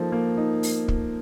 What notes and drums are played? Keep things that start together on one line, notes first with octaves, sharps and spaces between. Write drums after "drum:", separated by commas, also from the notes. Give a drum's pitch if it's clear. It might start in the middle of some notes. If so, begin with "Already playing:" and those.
Already playing: F3 A#3 D#4 A4
A#3
D#4
drum: open hi-hat
drum: kick